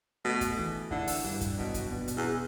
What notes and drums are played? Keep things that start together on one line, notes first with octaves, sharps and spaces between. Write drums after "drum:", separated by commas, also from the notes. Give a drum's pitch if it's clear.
B2 A3
drum: kick, hi-hat
E3
D3 E4, drum: kick
drum: open hi-hat
G2
drum: kick, hi-hat
B2 F#3
drum: kick, hi-hat
B2
drum: hi-hat
E2
B3